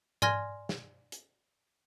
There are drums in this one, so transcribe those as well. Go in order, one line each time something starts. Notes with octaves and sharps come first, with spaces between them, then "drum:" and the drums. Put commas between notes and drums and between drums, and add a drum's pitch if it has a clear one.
D5 G#5 C6 F6 G#6 A#6, drum: tom G#2
drum: snare
drum: hi-hat